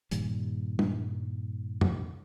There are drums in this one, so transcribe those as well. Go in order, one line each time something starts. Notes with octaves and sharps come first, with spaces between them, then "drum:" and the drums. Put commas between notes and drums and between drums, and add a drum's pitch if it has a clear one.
G2 A#2 D#3 G3, drum: hi-hat
drum: tom
drum: tom F2